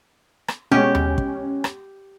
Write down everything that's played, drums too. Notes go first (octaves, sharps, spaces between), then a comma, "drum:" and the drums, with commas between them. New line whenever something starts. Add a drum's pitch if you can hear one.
drum: rim click
B2 G#3 C#4 G4
drum: tom D#2
drum: kick
drum: rim click